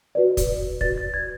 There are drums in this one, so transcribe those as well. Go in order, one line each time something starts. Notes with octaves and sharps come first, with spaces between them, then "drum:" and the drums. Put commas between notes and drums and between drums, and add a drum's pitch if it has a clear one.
F#4 B4 D5
drum: kick, hi-hat
F#4 B4 D5 A6, drum: kick
A6
G#6